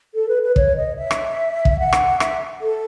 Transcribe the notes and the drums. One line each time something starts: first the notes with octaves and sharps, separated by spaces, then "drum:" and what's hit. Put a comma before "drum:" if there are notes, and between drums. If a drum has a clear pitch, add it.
A4
B4
B4
C#5, drum: kick
D#5
E5
drum: rim click
drum: kick
F#5
drum: rim click
E5, drum: rim click
A4